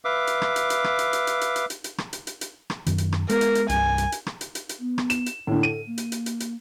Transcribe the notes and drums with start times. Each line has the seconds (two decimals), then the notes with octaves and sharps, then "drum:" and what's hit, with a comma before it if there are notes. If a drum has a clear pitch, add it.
0.05 B4 E5 F5 D6
0.27 drum: hi-hat
0.42 drum: rim click
0.56 drum: hi-hat
0.70 drum: hi-hat
0.84 drum: rim click
0.99 drum: hi-hat
1.13 drum: hi-hat
1.27 drum: hi-hat
1.41 drum: hi-hat
1.56 drum: hi-hat
1.70 drum: hi-hat
1.84 drum: hi-hat
1.98 drum: rim click
2.13 drum: hi-hat
2.27 drum: hi-hat
2.41 drum: hi-hat
2.70 drum: rim click
2.86 F#2 D#3, drum: hi-hat
2.98 drum: hi-hat
3.12 drum: rim click
3.29 G#3 B3 A#4, drum: hi-hat
3.41 drum: hi-hat
3.55 drum: hi-hat
3.69 C2 G2 G#5, drum: hi-hat
3.98 drum: hi-hat
4.12 drum: hi-hat
4.27 drum: rim click
4.41 drum: hi-hat
4.55 drum: hi-hat
4.69 drum: hi-hat
4.80 B3
4.98 drum: rim click
5.10 E7, drum: hi-hat
5.26 drum: hi-hat
5.47 A2 D3 A#3
5.63 A4 D#7
5.87 A#3
5.98 drum: hi-hat
6.12 drum: hi-hat
6.26 drum: hi-hat
6.40 drum: hi-hat